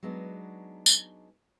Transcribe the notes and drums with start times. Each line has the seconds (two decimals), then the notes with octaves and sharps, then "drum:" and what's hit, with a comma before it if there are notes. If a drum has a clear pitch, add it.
0.03 F#3 G#3 B3 D4 D#4
0.86 drum: tambourine